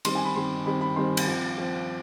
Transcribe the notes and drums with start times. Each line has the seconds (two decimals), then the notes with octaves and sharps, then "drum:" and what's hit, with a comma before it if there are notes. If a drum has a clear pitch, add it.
0.05 D#3 G3 C4 C6, drum: cymbal
0.15 G#5
0.25 B5
0.36 D#3 G3 C4 C6
0.66 D#3 G3 C4 B5
0.81 B5
0.96 D#3 G3 C4 C6
1.17 drum: cymbal
1.27 F3 C4
1.58 F3 C4